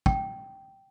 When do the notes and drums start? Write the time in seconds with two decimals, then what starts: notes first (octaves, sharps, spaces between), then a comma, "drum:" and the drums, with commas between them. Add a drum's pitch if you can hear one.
0.06 G5, drum: kick